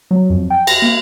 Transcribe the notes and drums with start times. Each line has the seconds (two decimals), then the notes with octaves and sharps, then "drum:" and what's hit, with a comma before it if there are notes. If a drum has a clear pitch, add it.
0.11 F#3
0.30 F2
0.50 G5
0.67 A#6, drum: cymbal
0.82 A#3